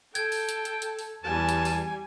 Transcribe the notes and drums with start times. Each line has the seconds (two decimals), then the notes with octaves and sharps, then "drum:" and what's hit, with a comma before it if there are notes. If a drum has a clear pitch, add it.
0.15 A4 G5 G#6, drum: hi-hat
0.32 drum: open hi-hat
0.49 drum: hi-hat
0.65 drum: hi-hat
0.82 drum: hi-hat
0.99 drum: open hi-hat
1.24 E2 G3 G#5 A5
1.49 drum: hi-hat
1.65 drum: open hi-hat